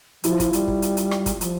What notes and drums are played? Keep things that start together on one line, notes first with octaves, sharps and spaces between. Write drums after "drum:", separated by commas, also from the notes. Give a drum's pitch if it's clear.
F3 E4, drum: hi-hat
F4
E4, drum: kick, hi-hat
G3, drum: hi-hat
drum: kick
drum: hi-hat
drum: hi-hat
drum: rim click
drum: kick, hi-hat
F3, drum: hi-hat